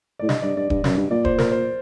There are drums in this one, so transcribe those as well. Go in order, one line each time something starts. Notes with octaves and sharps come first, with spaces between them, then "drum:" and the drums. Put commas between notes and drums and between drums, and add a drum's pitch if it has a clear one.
A2 D5
G2 D#5, drum: snare
G2 D5
G2 D5
G2, drum: kick D#1
F#2, drum: snare
G2
A#2 D5
C5, drum: kick D#1
A#4, drum: snare
C5